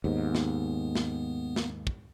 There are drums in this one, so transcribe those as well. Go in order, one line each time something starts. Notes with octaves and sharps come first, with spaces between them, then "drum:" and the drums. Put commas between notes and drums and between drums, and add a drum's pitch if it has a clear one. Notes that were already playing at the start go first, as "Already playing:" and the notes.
D#2 G#2 B3
drum: snare
drum: snare
drum: snare
drum: kick